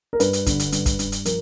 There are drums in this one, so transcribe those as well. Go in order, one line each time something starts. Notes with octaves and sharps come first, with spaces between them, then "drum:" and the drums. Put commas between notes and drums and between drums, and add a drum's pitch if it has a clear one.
A#4
G2 B4, drum: hi-hat
drum: hi-hat
D3, drum: kick, hi-hat
drum: hi-hat
G2, drum: hi-hat
drum: kick, hi-hat
G2, drum: hi-hat
drum: hi-hat
F3 A#4, drum: hi-hat